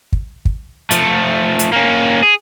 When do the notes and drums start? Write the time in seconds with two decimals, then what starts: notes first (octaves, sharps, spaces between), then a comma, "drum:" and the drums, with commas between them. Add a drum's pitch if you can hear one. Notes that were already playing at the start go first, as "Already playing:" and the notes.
0.13 drum: kick
0.45 drum: kick
0.91 F3 A3, drum: hi-hat
1.59 drum: hi-hat
1.72 A#3 C#4
2.23 G#4